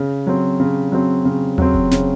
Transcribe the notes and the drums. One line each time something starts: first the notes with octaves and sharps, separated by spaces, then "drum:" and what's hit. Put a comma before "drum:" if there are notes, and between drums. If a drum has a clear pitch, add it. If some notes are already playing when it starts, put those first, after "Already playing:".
Already playing: C#3
F#3 C4
C#3
F#3 C4
C#3
F#3 C4, drum: tom D#2
drum: kick F1
C#3, drum: snare